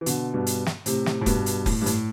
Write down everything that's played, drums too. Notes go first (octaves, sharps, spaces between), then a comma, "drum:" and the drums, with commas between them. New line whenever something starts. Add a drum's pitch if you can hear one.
E3
B2 D3, drum: hi-hat
G2 B2
drum: hi-hat
drum: snare
A2 C3, drum: hi-hat
drum: snare
A2
G2 B2, drum: kick, hi-hat
drum: hi-hat
A2, drum: kick, open hi-hat
G2
A2, drum: hi-hat